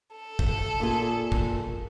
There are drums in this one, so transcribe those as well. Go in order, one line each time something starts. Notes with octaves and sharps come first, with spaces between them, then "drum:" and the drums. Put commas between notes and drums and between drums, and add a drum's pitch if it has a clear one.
A4
drum: kick
A#2 G#4
drum: kick